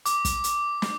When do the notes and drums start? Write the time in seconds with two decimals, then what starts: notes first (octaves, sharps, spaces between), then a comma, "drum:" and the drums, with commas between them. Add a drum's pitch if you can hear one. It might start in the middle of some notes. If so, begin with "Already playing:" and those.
0.06 D6, drum: hi-hat
0.25 drum: kick, hi-hat
0.44 drum: hi-hat
0.82 drum: snare